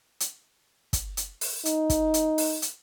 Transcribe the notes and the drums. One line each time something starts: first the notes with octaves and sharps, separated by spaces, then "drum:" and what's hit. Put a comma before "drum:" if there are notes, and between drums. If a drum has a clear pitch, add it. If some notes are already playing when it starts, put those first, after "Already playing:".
drum: hi-hat
drum: kick, hi-hat
drum: hi-hat
drum: open hi-hat
D#4, drum: hi-hat
drum: kick, hi-hat
drum: hi-hat
drum: open hi-hat
drum: hi-hat